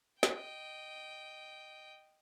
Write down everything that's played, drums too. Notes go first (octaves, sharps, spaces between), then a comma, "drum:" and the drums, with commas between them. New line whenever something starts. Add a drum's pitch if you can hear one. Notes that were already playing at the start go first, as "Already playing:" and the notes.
D#5 G5, drum: snare